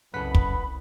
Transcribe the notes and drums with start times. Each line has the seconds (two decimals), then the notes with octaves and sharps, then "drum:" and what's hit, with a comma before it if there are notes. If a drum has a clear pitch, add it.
0.14 C2 F#2 C#3 A4 B4 F#5 B5 B6
0.35 drum: kick